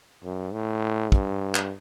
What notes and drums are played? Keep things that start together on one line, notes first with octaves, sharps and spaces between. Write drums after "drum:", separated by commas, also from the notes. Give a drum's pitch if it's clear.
F#2
A2
G2, drum: kick
drum: clap